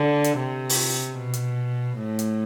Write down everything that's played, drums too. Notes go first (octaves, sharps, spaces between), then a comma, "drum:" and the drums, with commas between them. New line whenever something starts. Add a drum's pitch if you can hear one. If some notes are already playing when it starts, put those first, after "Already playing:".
Already playing: D3
drum: hi-hat
C3
drum: open hi-hat
B2
drum: hi-hat
A2
drum: hi-hat